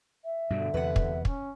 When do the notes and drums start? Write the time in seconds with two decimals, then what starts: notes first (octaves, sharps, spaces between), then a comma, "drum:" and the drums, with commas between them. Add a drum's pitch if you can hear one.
0.25 E5
0.50 G2 B2 D3 G3
0.74 E2 C3 B4 F#5
0.96 drum: kick
1.25 C#4, drum: kick